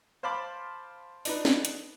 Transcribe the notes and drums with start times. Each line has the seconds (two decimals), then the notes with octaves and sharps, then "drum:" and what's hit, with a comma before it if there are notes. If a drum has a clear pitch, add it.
0.23 C5 F5 A5 B5 D6
1.25 D4 D#4 B4, drum: open hi-hat
1.45 drum: snare
1.65 drum: hi-hat